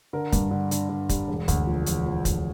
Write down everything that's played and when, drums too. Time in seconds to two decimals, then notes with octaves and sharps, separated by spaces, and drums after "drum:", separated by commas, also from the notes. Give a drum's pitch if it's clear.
0.13 D3 A#4
0.32 G2, drum: kick, hi-hat
0.51 D3
0.71 D3, drum: hi-hat
0.89 D3
1.09 G3, drum: kick, hi-hat
1.28 E1
1.48 D2, drum: kick, hi-hat
1.67 F3
1.86 E1, drum: hi-hat
2.06 F3
2.25 D2, drum: kick, hi-hat